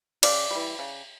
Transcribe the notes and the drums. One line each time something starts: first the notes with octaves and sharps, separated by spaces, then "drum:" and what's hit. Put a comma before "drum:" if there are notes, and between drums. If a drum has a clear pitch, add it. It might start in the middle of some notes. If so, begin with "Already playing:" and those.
C#3 D5, drum: cymbal
E3 G3
C#3